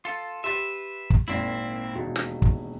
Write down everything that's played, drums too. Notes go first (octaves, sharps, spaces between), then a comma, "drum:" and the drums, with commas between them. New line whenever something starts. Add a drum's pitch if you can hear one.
F4 A4
G4 B4 E5 C6 A6
drum: kick
G#1 A#2 A#3 C4 E4
E1 D#2 F#4
drum: snare
drum: kick